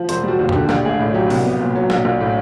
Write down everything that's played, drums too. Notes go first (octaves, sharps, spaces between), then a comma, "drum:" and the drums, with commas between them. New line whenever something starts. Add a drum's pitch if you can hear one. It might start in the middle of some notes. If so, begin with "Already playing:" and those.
Already playing: F3
E1 C5, drum: hi-hat
G3 F#4
D#2
D3 G4, drum: tom E2
A#1 G4, drum: snare
A3 G#4
A2
F#3 G4
C2, drum: open hi-hat
B3
A#2
F#3
A#1, drum: snare
A#1
A2